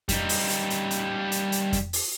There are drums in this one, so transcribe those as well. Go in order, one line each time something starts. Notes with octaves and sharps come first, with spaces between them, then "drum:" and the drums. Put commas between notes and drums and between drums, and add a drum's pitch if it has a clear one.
G3 D#4, drum: kick F2, hi-hat
drum: open hi-hat
drum: hi-hat
drum: hi-hat
drum: hi-hat
drum: hi-hat
drum: hi-hat
drum: kick F2, hi-hat
drum: open hi-hat